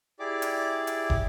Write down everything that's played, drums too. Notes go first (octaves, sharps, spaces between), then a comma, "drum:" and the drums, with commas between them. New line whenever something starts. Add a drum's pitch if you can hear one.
E4 G4 G#4 D5 D6
drum: hi-hat
drum: hi-hat
drum: kick